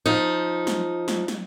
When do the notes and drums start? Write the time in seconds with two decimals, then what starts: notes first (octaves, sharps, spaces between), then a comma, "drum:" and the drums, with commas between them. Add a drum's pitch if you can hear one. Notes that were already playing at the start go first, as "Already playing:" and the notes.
0.06 F3 D#4
0.67 drum: snare
1.08 drum: snare
1.28 drum: snare